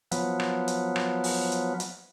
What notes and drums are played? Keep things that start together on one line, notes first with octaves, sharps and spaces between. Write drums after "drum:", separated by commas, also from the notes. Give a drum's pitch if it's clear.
F3 F#3 B3, drum: hi-hat
drum: rim click
drum: hi-hat
drum: rim click
drum: open hi-hat
drum: hi-hat
drum: hi-hat